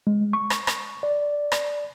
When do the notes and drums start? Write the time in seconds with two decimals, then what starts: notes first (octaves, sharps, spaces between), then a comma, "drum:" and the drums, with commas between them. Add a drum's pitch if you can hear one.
0.07 G#3
0.33 C#6
0.50 drum: rim click
0.67 drum: rim click
1.03 D5
1.52 drum: rim click